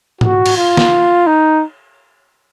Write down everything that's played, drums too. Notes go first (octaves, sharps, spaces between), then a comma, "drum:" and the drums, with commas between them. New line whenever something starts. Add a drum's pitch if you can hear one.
F#4, drum: tom G#2
drum: cymbal
F4
drum: snare
D#4